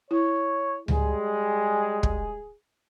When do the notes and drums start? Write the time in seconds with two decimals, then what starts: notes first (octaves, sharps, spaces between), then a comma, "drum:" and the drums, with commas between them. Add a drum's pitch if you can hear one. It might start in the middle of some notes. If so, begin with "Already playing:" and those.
0.11 E4 C#5
0.88 G3 G#3 G#4, drum: tom C#2
2.03 drum: kick